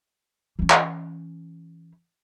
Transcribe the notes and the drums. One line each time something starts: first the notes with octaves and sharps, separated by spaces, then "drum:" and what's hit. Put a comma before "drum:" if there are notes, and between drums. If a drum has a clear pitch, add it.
E3 C#4
drum: clap